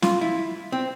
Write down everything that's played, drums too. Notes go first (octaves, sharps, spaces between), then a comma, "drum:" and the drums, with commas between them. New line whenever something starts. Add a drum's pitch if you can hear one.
F4, drum: snare
E4
C4